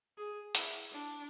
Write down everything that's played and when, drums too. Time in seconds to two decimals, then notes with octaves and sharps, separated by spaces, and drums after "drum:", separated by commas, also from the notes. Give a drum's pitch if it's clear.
0.18 G#4
0.55 E4, drum: hi-hat
0.92 D4